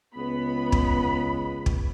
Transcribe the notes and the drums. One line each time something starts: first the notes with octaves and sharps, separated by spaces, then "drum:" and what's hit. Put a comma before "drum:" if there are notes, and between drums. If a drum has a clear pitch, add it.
C#2 B3 B5
drum: kick
drum: kick